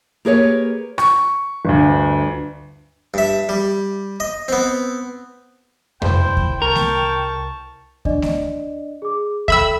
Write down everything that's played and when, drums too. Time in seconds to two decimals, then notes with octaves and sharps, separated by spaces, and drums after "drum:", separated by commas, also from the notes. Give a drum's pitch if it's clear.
0.25 A#3 G4 G#4 A#4 B4 C#5
0.98 C#6, drum: rim click
1.65 G1 D2
3.14 G2 E5
3.49 G3
4.20 D#5
4.48 B3 C4
6.02 A2 C3 E4 C5 G5, drum: tom F2
6.37 drum: kick D2
6.62 C2 A#4 A5 C#6
6.75 drum: snare A3
8.05 D4 D5 D#5, drum: kick D2
8.22 drum: snare A3
9.02 G#4 D6
9.48 A4 E5 G5 B5 E6, drum: kick D2